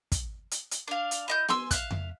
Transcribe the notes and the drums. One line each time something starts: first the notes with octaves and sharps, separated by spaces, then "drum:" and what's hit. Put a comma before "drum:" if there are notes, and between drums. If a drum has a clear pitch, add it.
drum: kick, hi-hat
drum: hi-hat
drum: hi-hat
D4 F5
drum: hi-hat
E4 D#5 G6
G#5 C6 E6, drum: snare B3
E5 F5 F#6, drum: kick, hi-hat
drum: tom F2